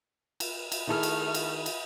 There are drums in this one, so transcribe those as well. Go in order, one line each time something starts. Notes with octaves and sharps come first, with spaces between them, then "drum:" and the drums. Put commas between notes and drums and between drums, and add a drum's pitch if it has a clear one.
drum: cymbal
drum: cymbal
D#3 A3 E4 G#4 F6
drum: cymbal
drum: cymbal
drum: cymbal